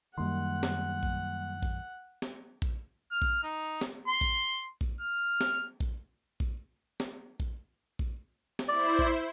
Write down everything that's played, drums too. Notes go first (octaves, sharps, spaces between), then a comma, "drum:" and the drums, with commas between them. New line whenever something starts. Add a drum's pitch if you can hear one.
F#2 D#3 G3 A#3 F#5 C6
drum: snare
drum: kick A#1
drum: kick A#1
drum: snare
drum: kick A#1
F6
drum: kick A#1
D#4
drum: snare
C6
drum: kick A#1
drum: kick A#1
F6
drum: snare
drum: kick A#1
drum: kick A#1
drum: snare
drum: kick A#1
drum: kick A#1
drum: snare
E4 C5 D5
drum: kick A#1